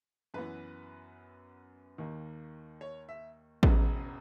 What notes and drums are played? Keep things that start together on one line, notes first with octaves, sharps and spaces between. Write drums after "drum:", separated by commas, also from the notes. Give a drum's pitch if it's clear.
F#2 E3 B3 B4
D#2 D#3 A#3
C#5
E5
E1 E2 C#3 G#3 B3, drum: kick A1